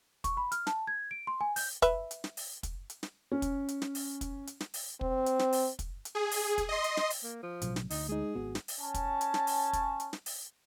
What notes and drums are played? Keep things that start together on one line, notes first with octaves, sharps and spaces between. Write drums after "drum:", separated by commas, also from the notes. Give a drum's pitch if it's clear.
C#6, drum: kick, hi-hat
B5
F6, drum: hi-hat
A5, drum: snare
G#6
D7
C6
G#5
G6, drum: open hi-hat
B4 E5, drum: kick, hi-hat
drum: hi-hat
drum: snare
drum: open hi-hat
drum: kick, hi-hat
drum: hi-hat
drum: snare
C#4
drum: kick, hi-hat
drum: hi-hat
drum: snare
drum: open hi-hat
drum: kick, hi-hat
drum: hi-hat
drum: snare
drum: open hi-hat
C4, drum: kick
drum: hi-hat
drum: snare
drum: open hi-hat
drum: kick, hi-hat
drum: hi-hat
G#4
drum: open hi-hat
drum: kick, hi-hat
D#5 C6
drum: hi-hat
drum: snare
drum: open hi-hat
A#3
F3
A1 B2 F#3, drum: hi-hat
drum: snare
D2 D#4, drum: open hi-hat
G#3 D#4 G#4
G#1 B3 F#4
drum: snare
drum: open hi-hat
C#4 A5
drum: kick, hi-hat
drum: hi-hat
drum: snare
drum: open hi-hat
drum: kick, hi-hat
drum: hi-hat
drum: snare
drum: open hi-hat